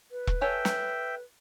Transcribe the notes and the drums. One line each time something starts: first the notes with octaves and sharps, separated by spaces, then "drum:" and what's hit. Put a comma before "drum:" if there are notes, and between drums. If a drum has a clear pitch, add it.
B4
drum: kick E1
A4 C#5 E5 G5 G#5
drum: snare